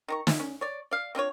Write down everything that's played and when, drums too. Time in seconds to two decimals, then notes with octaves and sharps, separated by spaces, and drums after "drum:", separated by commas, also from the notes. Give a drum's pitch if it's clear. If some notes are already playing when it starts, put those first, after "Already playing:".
0.08 D#3 A#5 C#6
0.27 F4 E5, drum: snare
0.40 C#4
0.61 C#5 D5
0.91 D5 F5
1.15 C4 D4 F4 C#5